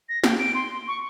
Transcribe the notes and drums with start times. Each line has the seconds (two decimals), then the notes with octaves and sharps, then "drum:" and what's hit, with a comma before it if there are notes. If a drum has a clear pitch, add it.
0.09 A#6
0.24 G5, drum: snare
0.38 D7
0.55 C6
0.88 C#6